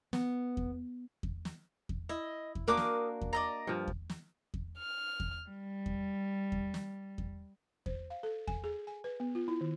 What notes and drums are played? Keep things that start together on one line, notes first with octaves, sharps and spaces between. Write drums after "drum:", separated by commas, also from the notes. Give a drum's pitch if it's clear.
B3, drum: snare
drum: kick E2
drum: kick E2
drum: snare
drum: kick E2
E4 D#5
drum: kick E2
A#3 D4 F#4 A#4 D6 D#6
drum: snare
drum: kick E2
D5 D#5 A#5
G2 F3
drum: kick E2
drum: snare
drum: kick E2
F6
drum: kick E2
G3
drum: kick E2
drum: kick E2
drum: snare
drum: kick E2
C5, drum: kick E2
F5
A4
G#5, drum: kick E2
G#4
G#5
B4
B3
F4
E4
D#3